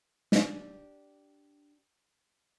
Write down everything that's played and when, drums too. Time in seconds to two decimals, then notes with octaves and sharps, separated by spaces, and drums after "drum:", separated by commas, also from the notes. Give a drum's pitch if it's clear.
0.32 D4 G4, drum: snare